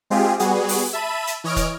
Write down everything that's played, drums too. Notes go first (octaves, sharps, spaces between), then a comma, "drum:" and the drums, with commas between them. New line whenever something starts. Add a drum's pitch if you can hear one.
G#3 C4 F4 G4 G#4
G3 B3 F#4 G#4, drum: hi-hat
drum: open hi-hat
E5 A5 B5 D#7
drum: hi-hat
E3 C#5 D#5 F6 D7
drum: kick, hi-hat